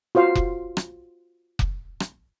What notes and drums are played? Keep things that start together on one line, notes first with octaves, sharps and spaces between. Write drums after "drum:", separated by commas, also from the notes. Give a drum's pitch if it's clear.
F4 F#4 C5 F5
drum: kick F1
drum: rim click
drum: kick F1
drum: rim click